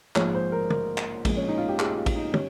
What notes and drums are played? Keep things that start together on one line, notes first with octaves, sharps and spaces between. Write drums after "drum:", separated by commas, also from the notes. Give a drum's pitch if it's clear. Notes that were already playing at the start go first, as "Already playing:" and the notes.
A#1 G#2 F3 G#3 C#5, drum: clap
C5
A#4
A#4, drum: tom
drum: clap
A#1 A#2 G#3, drum: kick, cymbal
C#4
D#4
F4
G4
G#4, drum: clap
F4
drum: kick, cymbal
D#4
G3 C#4, drum: tom